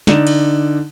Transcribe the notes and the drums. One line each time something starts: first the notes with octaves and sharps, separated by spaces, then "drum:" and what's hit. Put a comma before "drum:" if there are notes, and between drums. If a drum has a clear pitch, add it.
D3 D#4 D5 E7, drum: snare
drum: cymbal